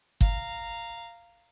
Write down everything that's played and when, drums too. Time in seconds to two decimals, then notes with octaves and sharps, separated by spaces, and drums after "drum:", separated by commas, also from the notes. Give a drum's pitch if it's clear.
0.21 F5 A#5, drum: kick G1